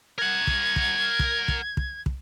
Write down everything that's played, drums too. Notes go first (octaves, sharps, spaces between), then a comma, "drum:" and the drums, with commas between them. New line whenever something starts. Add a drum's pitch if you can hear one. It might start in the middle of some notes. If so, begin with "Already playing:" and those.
A#4 F#5 G#6
drum: kick
drum: kick
drum: kick
drum: kick
drum: kick
drum: kick